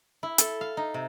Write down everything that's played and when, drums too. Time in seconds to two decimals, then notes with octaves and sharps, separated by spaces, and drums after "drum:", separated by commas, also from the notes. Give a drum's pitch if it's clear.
0.23 E4
0.38 A4, drum: hi-hat
0.61 F5
0.77 D#4
0.94 C3